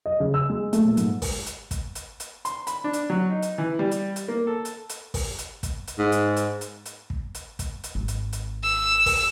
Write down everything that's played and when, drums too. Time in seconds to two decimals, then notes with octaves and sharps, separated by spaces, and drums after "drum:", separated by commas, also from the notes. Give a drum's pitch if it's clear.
0.06 D#5
0.20 C#3
0.34 E6
0.49 G#3
0.73 A3, drum: hi-hat
0.85 A#2
0.97 G#2, drum: hi-hat
1.22 drum: kick, open hi-hat
1.46 drum: hi-hat
1.71 drum: kick, hi-hat
1.95 drum: hi-hat
2.20 drum: hi-hat
2.45 C6, drum: hi-hat
2.67 B5, drum: hi-hat
2.84 D4
2.93 drum: hi-hat
3.10 F#3
3.30 D#4
3.42 drum: hi-hat
3.58 E3
3.79 G3
3.91 drum: hi-hat
4.16 drum: hi-hat
4.28 A#3
4.47 A4
4.65 drum: hi-hat
4.89 drum: hi-hat
5.14 drum: kick, open hi-hat
5.38 drum: hi-hat
5.63 drum: kick, hi-hat
5.87 drum: hi-hat
5.99 G#2
6.12 drum: hi-hat
6.36 drum: hi-hat
6.61 drum: hi-hat
6.85 drum: hi-hat
7.10 drum: kick
7.35 drum: hi-hat
7.59 drum: kick, hi-hat
7.84 drum: hi-hat
7.95 G#1
8.08 drum: hi-hat
8.33 drum: hi-hat
8.63 E6
9.06 drum: kick, open hi-hat